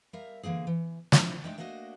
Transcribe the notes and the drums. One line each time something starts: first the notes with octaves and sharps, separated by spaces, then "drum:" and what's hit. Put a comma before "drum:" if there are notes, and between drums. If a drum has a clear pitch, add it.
G3 A#4 E5 F5
D3 E3 A#3 C4 G#4
E3
D3 E3 F3 C4 D4 E4, drum: snare
G#3 A3 D4 D#4 G5
A3 A#3 D4 F#4 B4 D#5